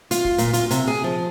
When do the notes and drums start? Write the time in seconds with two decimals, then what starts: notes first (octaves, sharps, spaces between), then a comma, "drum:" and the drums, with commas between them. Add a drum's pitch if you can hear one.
0.11 F4, drum: hi-hat
0.25 drum: kick
0.38 A#2, drum: hi-hat
0.53 F4, drum: hi-hat
0.70 C3, drum: hi-hat
0.87 G#4
1.04 F3